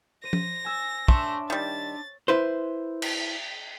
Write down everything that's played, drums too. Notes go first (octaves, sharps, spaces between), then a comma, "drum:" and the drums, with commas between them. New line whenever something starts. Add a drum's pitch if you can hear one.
C5 A#6 D#7
drum: tom F3
G#5 E6 A6
A3 D4 C#5 E5 C6, drum: kick
D#3 G3 A6
E4 B4 C5
drum: cymbal